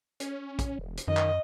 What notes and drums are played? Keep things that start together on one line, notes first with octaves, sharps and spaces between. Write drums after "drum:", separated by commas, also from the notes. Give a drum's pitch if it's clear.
C#4, drum: hi-hat
drum: kick, hi-hat
E1
drum: hi-hat
F#2 D#3 D#5
drum: clap